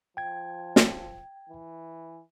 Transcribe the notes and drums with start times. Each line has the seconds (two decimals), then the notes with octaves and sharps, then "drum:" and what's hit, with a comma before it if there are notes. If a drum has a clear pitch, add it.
0.17 F3 G5 G#6
0.76 drum: snare
1.49 E3